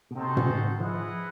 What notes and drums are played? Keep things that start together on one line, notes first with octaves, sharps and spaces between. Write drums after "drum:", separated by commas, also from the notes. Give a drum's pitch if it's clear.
B2
C3 C4 D#4 F#4 A4 C5
C#3, drum: tom
D#3
F3 E4 G#4 B4 D#5 F#5